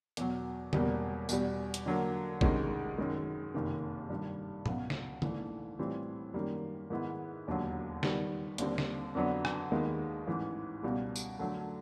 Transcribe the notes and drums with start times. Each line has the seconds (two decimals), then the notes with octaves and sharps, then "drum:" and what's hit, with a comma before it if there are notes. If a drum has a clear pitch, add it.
0.17 E2 B2 F#3, drum: hi-hat
0.73 E1 E2 B2 G3 A#3, drum: tom D3
1.29 E2 B2 G3, drum: tambourine
1.74 drum: hi-hat
1.86 D3 F#3 A#3
2.41 D2 C3 D#3 G#3 C#4, drum: kick
2.98 F#2 D#3 G#3
3.54 F#1 F2 C3 D#3
4.09 G2 D#3 G3
4.66 C#2 B2 F#3, drum: tom G#2
4.90 drum: snare
5.22 A#1 G#2 E3 A3 D4, drum: tom D3
5.79 A2 E3 G3 C4 F4
6.34 F#2 D#3 G3 A#3
6.90 G#2 D#3 G#3 B3 E4
7.47 E1 D#2 D3 F#3
8.03 D#3 G3 B3, drum: snare
8.58 D#2 D3 G3 C4, drum: hi-hat
8.78 drum: snare
9.15 F2 D3 F#3 B3 D4
9.45 drum: rim click
9.71 D#2 D#3 G#3 B3
10.27 A1 G#2 E3
10.83 C#2 B2 G3
11.16 drum: tambourine
11.39 D3 F#3 A3